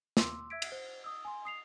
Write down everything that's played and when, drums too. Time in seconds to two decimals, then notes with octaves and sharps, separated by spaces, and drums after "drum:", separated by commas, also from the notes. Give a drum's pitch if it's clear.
0.17 C6 D6 E6, drum: snare
0.50 E5 E6 G#6 B6 D7
0.62 drum: cymbal
0.72 C5
1.04 D#6 E6
1.25 G#5 C6
1.45 D#6 C7 F7